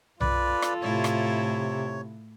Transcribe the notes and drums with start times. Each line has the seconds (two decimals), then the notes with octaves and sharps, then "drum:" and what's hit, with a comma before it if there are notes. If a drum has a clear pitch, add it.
0.21 F4 A4 B4 D5, drum: tom B1
0.62 drum: rim click
0.82 A2 C3 E4 C#5
1.04 drum: rim click